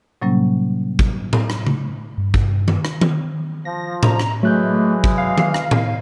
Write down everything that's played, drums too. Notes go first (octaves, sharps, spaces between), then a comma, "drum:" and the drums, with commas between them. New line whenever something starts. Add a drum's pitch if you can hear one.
A2 C3 F#3 G3 A#3 C#4
drum: kick
drum: tom A2
drum: rim click
drum: tom C#3
G2
drum: kick
drum: tom D#3
drum: rim click
drum: tom D#3
F3 A#6
A#5, drum: tom A2
drum: rim click
E3 F#3 G#3 A3 F#6 G6
drum: kick
F5
drum: tom D#3
drum: rim click
drum: tom A2